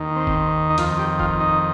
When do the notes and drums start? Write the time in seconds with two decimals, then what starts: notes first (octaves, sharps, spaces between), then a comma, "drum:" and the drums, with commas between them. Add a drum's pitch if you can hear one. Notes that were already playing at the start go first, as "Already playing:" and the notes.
Already playing: D#2 D#3
0.16 C4
0.27 drum: kick
0.70 D#4
0.78 F2 D#3 F4, drum: hi-hat
0.99 G4
1.19 F4, drum: kick
1.40 D#4